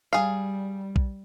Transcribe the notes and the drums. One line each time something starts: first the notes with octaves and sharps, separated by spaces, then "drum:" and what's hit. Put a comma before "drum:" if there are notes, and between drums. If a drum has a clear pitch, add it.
G3 G#4 F5
drum: kick A#1